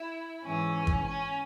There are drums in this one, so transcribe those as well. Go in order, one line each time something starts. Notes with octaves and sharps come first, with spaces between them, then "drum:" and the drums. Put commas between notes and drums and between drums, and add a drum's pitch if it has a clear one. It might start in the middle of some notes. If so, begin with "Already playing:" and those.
Already playing: E4
G#2 E3 C#4
drum: kick G1
C#4